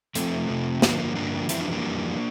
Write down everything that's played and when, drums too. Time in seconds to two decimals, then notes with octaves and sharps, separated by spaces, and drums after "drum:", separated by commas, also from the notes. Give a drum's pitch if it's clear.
0.15 F2 C3 F3 A3 C4, drum: hi-hat
0.49 F2 C3 F3
0.82 G2 D3 F3 A#3, drum: snare
1.00 A#3
1.15 G2 D3 F3 A#3 D4
1.49 F2 E3 G3 C4 E4, drum: hi-hat
1.61 D4 F4
1.67 E4
1.71 A#3 D4
1.83 F2 E3 G3